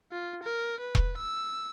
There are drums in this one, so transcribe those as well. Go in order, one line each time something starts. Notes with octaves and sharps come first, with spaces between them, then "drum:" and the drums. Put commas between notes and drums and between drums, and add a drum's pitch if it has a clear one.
F4
A#4
B4
drum: kick E1
E6